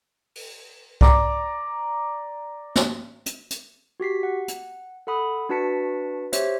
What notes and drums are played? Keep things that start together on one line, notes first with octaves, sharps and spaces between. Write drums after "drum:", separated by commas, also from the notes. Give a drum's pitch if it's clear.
drum: open hi-hat
D5 A#5 D6, drum: kick C2
drum: snare
drum: hi-hat
drum: hi-hat
F#4 G4 B6 C7
F#5
drum: hi-hat
A4 F#5 B5 D#6
D4 F#4 B4 A5 B6 C#7
G4 C5 C#5 E5, drum: hi-hat